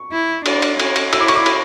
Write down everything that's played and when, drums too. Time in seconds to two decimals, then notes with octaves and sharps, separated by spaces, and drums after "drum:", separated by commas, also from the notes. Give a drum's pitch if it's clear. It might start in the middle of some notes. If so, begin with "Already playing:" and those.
Already playing: C#6
0.12 E4
0.46 D4, drum: cymbal
0.62 drum: cymbal
0.80 C#4, drum: cymbal
0.96 drum: cymbal
1.13 E4 E6, drum: cymbal
1.20 D6
1.28 C#6, drum: cymbal
1.35 B5 D6
1.46 drum: cymbal